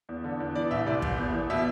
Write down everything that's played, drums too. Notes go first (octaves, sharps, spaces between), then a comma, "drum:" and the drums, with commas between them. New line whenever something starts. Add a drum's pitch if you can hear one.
E2
D3
E2
E3 D5
C2 E5
C3 D5
C2, drum: kick
E2
E2
B2 E5